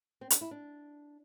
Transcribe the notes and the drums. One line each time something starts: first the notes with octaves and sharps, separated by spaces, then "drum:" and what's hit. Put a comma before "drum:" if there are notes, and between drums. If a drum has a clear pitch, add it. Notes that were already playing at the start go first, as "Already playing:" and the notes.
C4
D4, drum: hi-hat
E4
D4